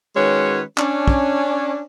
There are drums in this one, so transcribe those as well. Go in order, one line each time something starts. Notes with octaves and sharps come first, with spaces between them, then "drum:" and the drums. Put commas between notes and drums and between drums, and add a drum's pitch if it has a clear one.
D#3 G#3 C#4 F#4 B4 C#5
C#4 D4, drum: clap
drum: kick